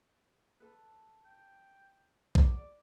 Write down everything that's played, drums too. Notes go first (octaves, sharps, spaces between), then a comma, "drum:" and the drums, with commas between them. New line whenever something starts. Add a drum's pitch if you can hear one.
A4 B4
G5
F#4 G#4 D6, drum: kick B1
D5